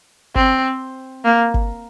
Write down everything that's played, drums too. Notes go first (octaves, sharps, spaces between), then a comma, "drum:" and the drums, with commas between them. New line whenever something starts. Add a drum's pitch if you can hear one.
C4, drum: kick G1
A#3
drum: kick G1